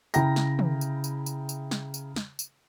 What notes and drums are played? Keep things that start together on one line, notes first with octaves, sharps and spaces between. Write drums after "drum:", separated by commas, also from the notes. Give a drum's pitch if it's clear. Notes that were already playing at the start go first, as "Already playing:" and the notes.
C#3 E4 G5 A#5 A#6, drum: tambourine
drum: snare
drum: tom
drum: tambourine
drum: tambourine
drum: tambourine
drum: tambourine
drum: snare
drum: tambourine
drum: snare
drum: tambourine